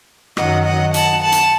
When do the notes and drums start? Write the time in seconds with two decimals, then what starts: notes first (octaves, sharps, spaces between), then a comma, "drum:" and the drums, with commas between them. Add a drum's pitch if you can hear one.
0.37 F#2 D#3 F#3 D#5 F#5, drum: rim click
0.65 D#5 F#5
0.94 F#5 A5, drum: hi-hat
1.22 F#5 A5
1.32 drum: hi-hat